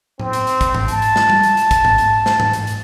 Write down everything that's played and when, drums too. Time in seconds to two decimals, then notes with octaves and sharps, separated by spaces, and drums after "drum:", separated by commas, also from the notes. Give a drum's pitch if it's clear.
0.20 C4, drum: tom A2
0.33 drum: hi-hat
0.47 drum: hi-hat
0.61 drum: kick, hi-hat
0.75 drum: tom G#2
0.88 A5, drum: hi-hat
1.02 drum: hi-hat
1.16 drum: snare
1.30 drum: tom G3
1.43 drum: hi-hat
1.57 drum: hi-hat
1.71 drum: kick, hi-hat
1.85 drum: tom G#2
1.98 drum: hi-hat
2.26 drum: snare
2.40 drum: tom G#2
2.53 drum: hi-hat
2.67 drum: hi-hat